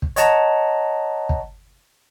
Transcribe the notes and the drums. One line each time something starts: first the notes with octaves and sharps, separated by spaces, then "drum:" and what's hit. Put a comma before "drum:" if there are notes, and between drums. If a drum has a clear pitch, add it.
drum: kick
C#5 D#5 F#5 A5 A#5, drum: hi-hat
drum: kick